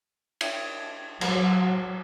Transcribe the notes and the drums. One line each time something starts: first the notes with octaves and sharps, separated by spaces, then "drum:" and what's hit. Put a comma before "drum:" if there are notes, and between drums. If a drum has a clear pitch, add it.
drum: cymbal
F#3, drum: cymbal